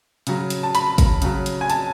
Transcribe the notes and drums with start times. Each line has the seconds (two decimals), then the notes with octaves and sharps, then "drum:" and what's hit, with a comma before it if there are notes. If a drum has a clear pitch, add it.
0.27 C#3 F#3, drum: hi-hat
0.50 drum: hi-hat
0.63 A5
0.75 B5, drum: hi-hat
0.98 drum: kick, hi-hat
1.22 C#3 F#3, drum: hi-hat
1.46 drum: hi-hat
1.61 G#5
1.70 A5, drum: hi-hat